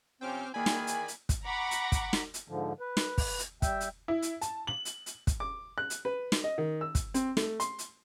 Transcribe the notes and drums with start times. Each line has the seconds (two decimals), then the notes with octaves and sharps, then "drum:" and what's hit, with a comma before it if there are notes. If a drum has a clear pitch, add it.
0.21 C3 F3 C4 C#4 G5 D6 F6
0.54 D#3 E3 A#3 G#4 D5 G#5 B5
0.66 drum: snare
0.87 drum: hi-hat
1.08 drum: hi-hat
1.29 drum: kick, hi-hat
1.43 F#5 A#5 B5 C#6 D6
1.71 drum: hi-hat
1.92 drum: kick, hi-hat
2.13 drum: snare
2.34 drum: hi-hat
2.48 G#2 D3 F3
2.80 B4
2.97 drum: snare
3.18 drum: kick, open hi-hat
3.39 drum: hi-hat
3.62 G3 E5 G5, drum: kick, hi-hat
3.80 drum: hi-hat
4.08 E4
4.22 drum: hi-hat
4.41 A5, drum: hi-hat
4.67 F#7
4.85 drum: hi-hat
5.06 drum: hi-hat
5.27 drum: kick, hi-hat
5.40 D6
5.78 F#6
5.90 drum: hi-hat
6.05 B4
6.32 drum: snare
6.44 D#5
6.58 D#3
6.81 E6
6.95 drum: kick, hi-hat
7.14 C4, drum: hi-hat
7.37 A3, drum: snare
7.60 C6, drum: hi-hat
7.79 drum: hi-hat